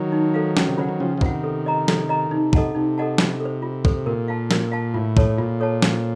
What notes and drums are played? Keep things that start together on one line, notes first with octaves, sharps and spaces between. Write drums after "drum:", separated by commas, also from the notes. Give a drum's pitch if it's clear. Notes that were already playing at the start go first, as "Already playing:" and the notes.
Already playing: D#3 F#3
D#4
A4 C5 F5
C#4, drum: snare
C3
C#3 F4 C5 F#5
D#3
C#3 F3 C#4
F3
C3 D#3 F4 C5 F#5, drum: kick
A4
D#5 A#5
A4, drum: snare
D#5 A#5
C3 D#4
A4 D#5 F#5 A5, drum: kick
C3 D#4
A4 D#5 F#5 A5
F4, drum: snare
A4
C5
F4
A4 C5, drum: kick
A#2 A#4
F5 A5
A#4, drum: snare
F5 A5
A2 F4
A4 C#5 A5, drum: kick
A#2 F4
A4 C#5 A5
C5, drum: snare